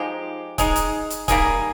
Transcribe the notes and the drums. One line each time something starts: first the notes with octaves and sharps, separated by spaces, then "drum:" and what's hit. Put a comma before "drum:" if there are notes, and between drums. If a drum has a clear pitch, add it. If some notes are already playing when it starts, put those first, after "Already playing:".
Already playing: F3 G#3 D#4 G4
G#3 D#4 G#4, drum: kick C#1, hi-hat
drum: hi-hat
drum: hi-hat
G3 A#3 D#4 G#4, drum: kick C#1, hi-hat